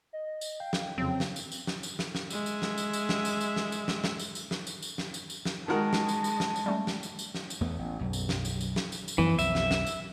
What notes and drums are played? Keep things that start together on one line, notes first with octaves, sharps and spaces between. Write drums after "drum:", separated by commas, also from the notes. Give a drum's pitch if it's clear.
D#5
drum: tambourine
F5 G5
drum: snare
F2 C#3 F#3 C4
drum: snare
drum: tambourine
drum: tambourine
drum: snare
drum: tambourine
drum: snare
drum: snare
G#3 E5, drum: tambourine
drum: tambourine
drum: snare
drum: tambourine
drum: tambourine
drum: snare
drum: tambourine
drum: tambourine
drum: snare
drum: tambourine
drum: snare
drum: snare
drum: tambourine
drum: tambourine
drum: snare
drum: tambourine
drum: tambourine
drum: snare
drum: tambourine
drum: tambourine
drum: snare
D#3 G#3 F#4 A#4 A5
drum: snare
drum: tambourine
drum: tambourine
drum: snare
drum: tambourine
G3 A3 C#4
drum: snare
drum: tambourine
drum: tambourine
drum: snare
drum: tambourine
E2 A3 B3
A1
B1 F#2
drum: tambourine
drum: snare
drum: tambourine
drum: tambourine
drum: snare
drum: tambourine
drum: tambourine
F#2 E3 F3 B3
B1 F2 F3 E5, drum: tambourine
drum: snare
drum: snare
drum: tambourine